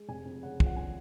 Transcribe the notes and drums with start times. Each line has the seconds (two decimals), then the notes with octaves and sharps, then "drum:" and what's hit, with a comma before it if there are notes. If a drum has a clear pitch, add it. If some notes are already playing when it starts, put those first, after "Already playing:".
Already playing: G#3
0.08 F1 G#5
0.25 F2
0.43 C#3 F#5
0.60 F3, drum: kick
0.66 F#5
0.76 G#5